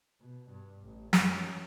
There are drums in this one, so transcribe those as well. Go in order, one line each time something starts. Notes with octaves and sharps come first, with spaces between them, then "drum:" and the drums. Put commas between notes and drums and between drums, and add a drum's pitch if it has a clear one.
B2
G2
A1
F#2, drum: snare